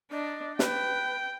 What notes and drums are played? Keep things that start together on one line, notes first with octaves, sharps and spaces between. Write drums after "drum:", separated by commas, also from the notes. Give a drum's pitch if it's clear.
D4 D#5
B4 G5, drum: snare